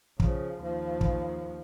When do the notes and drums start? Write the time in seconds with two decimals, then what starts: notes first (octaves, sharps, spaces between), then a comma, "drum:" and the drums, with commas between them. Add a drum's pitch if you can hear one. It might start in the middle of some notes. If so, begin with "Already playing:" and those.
0.20 C#3 F3, drum: kick
0.62 D#2 F3
1.01 drum: kick